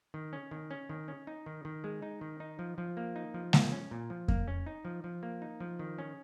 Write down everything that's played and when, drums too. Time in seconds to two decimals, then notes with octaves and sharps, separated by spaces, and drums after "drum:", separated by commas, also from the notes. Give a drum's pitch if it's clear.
0.14 D#3
0.33 C#4
0.51 D#3
0.71 C#4
0.89 D#3
1.08 C#4
1.27 D#4
1.46 D#3
1.65 D#3
1.84 G#3
2.02 D#4
2.21 D#3
2.40 D#4
2.59 F3
2.78 F3
2.97 A#3
3.16 D#4
3.34 F3
3.53 A#3, drum: snare G#3
3.72 C#4
3.91 A#2
4.10 F3
4.28 A#3, drum: kick F2
4.48 C#4
4.66 D#4
4.85 F3
5.04 F3
5.23 A#3
5.42 D#4
5.60 F3
5.79 D#3
5.98 C#4